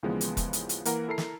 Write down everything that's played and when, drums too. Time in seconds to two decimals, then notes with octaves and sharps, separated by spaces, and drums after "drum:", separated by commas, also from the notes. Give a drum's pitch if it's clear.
0.03 D#2 C#3 E3 F3 G#3 B3
0.21 drum: hi-hat
0.37 drum: kick, hi-hat
0.53 drum: hi-hat
0.69 drum: hi-hat
0.85 E3 A#3 A#4 F#5, drum: hi-hat
1.08 E4 A4 A#4 A#5 C7
1.18 drum: snare